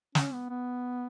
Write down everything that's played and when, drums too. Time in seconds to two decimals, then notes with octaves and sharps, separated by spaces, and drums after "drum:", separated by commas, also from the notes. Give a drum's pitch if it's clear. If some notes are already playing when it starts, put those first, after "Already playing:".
0.15 C#4, drum: snare
0.33 B3
0.49 B3